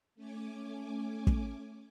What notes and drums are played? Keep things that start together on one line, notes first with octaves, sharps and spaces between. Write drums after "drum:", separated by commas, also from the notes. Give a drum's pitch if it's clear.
A3 C#4 G#5 D6
drum: kick